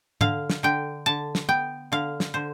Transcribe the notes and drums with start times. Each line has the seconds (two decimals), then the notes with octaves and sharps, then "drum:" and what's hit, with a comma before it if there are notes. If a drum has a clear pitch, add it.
0.21 D3 F5, drum: tom G#2
0.50 drum: snare
0.63 D3 G5
1.06 D3 A5
1.35 drum: snare
1.49 B3 G5
1.92 D3 F5
2.20 drum: snare
2.34 D3 C5